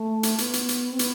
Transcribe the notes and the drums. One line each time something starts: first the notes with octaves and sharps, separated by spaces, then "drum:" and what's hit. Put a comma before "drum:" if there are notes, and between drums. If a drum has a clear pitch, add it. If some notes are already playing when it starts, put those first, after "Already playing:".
Already playing: A3
drum: hi-hat
B3, drum: hi-hat
drum: hi-hat
drum: hi-hat
C4
B3, drum: hi-hat